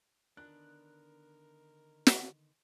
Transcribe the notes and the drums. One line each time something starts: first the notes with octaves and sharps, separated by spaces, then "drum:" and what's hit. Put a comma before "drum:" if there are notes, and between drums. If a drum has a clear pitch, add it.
D3 D#3 B3 D4 A#4 F#6
drum: snare